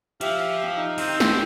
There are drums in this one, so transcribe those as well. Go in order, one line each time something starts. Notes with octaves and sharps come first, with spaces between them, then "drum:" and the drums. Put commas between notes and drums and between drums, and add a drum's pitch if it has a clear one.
F3 G4 E5 F5, drum: hi-hat
D#4
D#3 C4 D#5, drum: open hi-hat
C6, drum: snare